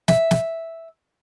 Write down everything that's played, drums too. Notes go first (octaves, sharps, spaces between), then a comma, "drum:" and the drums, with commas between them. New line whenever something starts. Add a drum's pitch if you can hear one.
E5, drum: snare
drum: snare